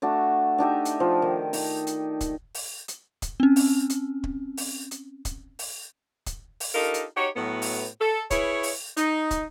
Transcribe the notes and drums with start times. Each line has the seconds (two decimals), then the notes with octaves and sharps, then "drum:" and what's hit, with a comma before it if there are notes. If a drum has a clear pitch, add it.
0.02 A3 D4 F#4
0.58 D4 D#4 G4 E5
0.85 drum: hi-hat
1.00 F3
1.22 D#3
1.53 D#4, drum: open hi-hat
1.87 drum: hi-hat
2.21 drum: kick, hi-hat
2.54 drum: open hi-hat
2.88 drum: hi-hat
3.22 drum: kick, hi-hat
3.40 C4 C#4
3.56 drum: open hi-hat
3.90 drum: hi-hat
4.24 drum: kick
4.57 drum: open hi-hat
4.91 drum: hi-hat
5.25 drum: kick, hi-hat
5.59 drum: open hi-hat
6.26 drum: kick, hi-hat
6.60 drum: open hi-hat
6.75 D4 D#4 F4 G4 A4 A#4
6.94 drum: hi-hat
7.16 D#4 F#4 G4 C#5
7.35 A2 F#3 B3
7.62 drum: open hi-hat
8.01 A4
8.31 E4 G#4 B4 C#5, drum: kick, hi-hat
8.63 drum: open hi-hat
8.97 D#4, drum: hi-hat
9.31 drum: kick, hi-hat